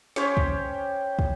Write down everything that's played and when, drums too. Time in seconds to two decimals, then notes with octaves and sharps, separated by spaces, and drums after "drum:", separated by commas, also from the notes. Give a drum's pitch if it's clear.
0.16 C#4 G4 C5 C#5, drum: snare
0.37 drum: kick
1.19 drum: kick